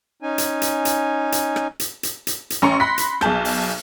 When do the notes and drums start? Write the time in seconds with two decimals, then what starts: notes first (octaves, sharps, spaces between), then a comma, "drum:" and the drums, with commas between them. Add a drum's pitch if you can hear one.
0.22 C#4 D#4 G#5
0.38 drum: hi-hat
0.62 drum: hi-hat
0.85 drum: hi-hat
1.32 drum: hi-hat
1.56 drum: rim click
1.80 drum: hi-hat
2.03 drum: hi-hat
2.27 drum: hi-hat
2.50 drum: hi-hat
2.62 A1 C#4 A#5 C6 C#6 C#7
2.80 B5 C6 F#6 A#6 B6
2.98 drum: hi-hat
3.21 B1 G#4 A5 G6, drum: rim click
3.45 drum: open hi-hat